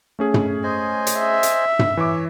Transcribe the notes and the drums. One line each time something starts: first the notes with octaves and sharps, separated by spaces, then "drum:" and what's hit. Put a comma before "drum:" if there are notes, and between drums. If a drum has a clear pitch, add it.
A3 C#4 G#4
drum: tom
C5 D#5 G#5
drum: hi-hat
E5
drum: hi-hat
drum: tom
E3 C#5 D6